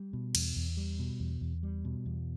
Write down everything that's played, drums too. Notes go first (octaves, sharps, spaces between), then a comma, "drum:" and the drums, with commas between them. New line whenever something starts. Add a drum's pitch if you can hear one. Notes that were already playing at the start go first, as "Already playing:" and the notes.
Already playing: G3
B2
E2, drum: cymbal
E2
G3
B2
E2
E2
G3
B2
E2